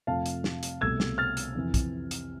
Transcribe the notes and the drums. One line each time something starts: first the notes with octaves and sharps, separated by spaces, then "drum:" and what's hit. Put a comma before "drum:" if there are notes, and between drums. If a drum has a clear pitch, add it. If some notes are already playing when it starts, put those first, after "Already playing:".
F2 C3 F3 A3 F5 A5
drum: hi-hat
drum: snare
drum: hi-hat
C2 B2 A3 E6 G#6
drum: snare
F6 A6
drum: hi-hat
F2 C3 E3
drum: kick, hi-hat
drum: hi-hat